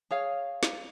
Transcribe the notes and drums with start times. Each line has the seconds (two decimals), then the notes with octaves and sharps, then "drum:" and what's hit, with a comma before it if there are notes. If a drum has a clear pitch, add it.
0.11 G#4 C#5 F5
0.63 drum: snare